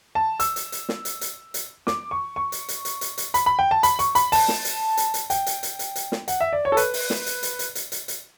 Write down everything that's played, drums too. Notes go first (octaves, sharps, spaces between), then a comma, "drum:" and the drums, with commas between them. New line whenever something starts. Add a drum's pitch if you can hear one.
A5
E6, drum: hi-hat
drum: hi-hat
drum: hi-hat
drum: snare
drum: hi-hat
drum: hi-hat
drum: hi-hat
D6, drum: snare
C#6
C#6
drum: hi-hat
drum: hi-hat
drum: hi-hat
drum: hi-hat
drum: hi-hat
B5, drum: hi-hat
B5
G5
A5
B5, drum: hi-hat
C#6, drum: hi-hat
B5, drum: hi-hat
A5, drum: open hi-hat
drum: snare
drum: hi-hat
drum: hi-hat
drum: hi-hat
G5, drum: hi-hat
drum: hi-hat
drum: hi-hat
drum: hi-hat
drum: hi-hat
drum: snare
F#5, drum: hi-hat
E5
D5
C#5
A4
B4, drum: hi-hat
drum: open hi-hat
drum: snare
drum: hi-hat
drum: hi-hat
drum: hi-hat
drum: hi-hat
drum: hi-hat
drum: hi-hat